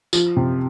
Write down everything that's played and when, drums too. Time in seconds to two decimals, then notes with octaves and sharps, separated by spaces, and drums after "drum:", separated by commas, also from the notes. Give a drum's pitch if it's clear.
0.13 F3, drum: tambourine
0.37 C3